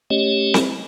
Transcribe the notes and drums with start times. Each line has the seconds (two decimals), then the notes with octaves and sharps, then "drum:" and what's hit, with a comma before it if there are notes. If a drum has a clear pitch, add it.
0.10 A3 C#4 G4 C#5 D#5
0.54 drum: snare C4